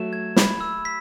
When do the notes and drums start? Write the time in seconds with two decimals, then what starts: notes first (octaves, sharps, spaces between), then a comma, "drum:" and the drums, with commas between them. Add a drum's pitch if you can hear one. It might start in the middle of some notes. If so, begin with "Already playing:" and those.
Already playing: F#3 A3 E7
0.13 G#6
0.36 B5, drum: snare
0.61 E6
0.85 B6